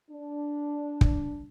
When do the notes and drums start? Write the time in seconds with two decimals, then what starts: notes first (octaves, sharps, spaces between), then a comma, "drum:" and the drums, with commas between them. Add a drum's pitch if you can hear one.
0.11 D4
1.01 drum: kick